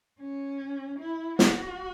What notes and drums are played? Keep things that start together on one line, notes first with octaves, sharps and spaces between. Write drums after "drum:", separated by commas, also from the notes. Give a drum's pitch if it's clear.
C#4
E4
F#4, drum: snare